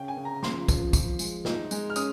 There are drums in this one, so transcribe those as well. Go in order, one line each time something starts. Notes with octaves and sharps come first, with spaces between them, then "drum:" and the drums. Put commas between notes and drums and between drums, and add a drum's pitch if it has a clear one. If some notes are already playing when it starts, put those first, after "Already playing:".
Already playing: C#3 C#4 G5
G#5
C#3
A#5
F3 C6, drum: snare
F3, drum: kick, tambourine
F3, drum: kick, tambourine
G#3, drum: tambourine
D#4, drum: snare
G#3, drum: tambourine
F6
C#4 D#6, drum: tambourine